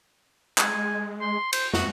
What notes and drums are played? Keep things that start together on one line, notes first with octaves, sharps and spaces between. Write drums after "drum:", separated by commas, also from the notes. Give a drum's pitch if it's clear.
G#3 G#5, drum: clap
C6
C5, drum: cymbal
F2 F#4, drum: snare